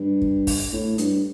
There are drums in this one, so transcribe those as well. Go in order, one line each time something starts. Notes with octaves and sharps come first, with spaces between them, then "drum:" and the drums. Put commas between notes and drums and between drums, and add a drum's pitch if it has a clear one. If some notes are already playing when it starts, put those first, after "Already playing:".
Already playing: G2
drum: kick
drum: kick, open hi-hat
A2
G2, drum: hi-hat